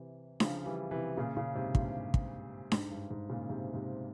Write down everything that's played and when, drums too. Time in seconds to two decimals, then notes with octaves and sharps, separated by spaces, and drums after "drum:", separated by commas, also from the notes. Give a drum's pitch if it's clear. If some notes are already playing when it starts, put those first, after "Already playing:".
Already playing: C3 E3
0.40 C#3 F3, drum: snare D4
0.65 E3 G3
0.91 C3 E3
1.17 A#2 C#3
1.37 A#2 C#3
1.55 G#2 C3
1.75 G2 A#2, drum: kick
2.14 drum: kick
2.72 G#2, drum: snare D4
2.91 G2
3.11 G#2
3.29 A#2 C#3
3.50 G#2 C3
3.74 G#2 C3